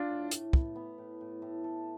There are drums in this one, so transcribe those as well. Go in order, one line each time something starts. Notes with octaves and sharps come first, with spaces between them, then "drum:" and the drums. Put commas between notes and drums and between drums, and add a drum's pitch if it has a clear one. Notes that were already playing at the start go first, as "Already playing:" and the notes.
Already playing: D4 F4
A2
A2, drum: hi-hat
B3, drum: kick
B3
A2
A2
A2
A4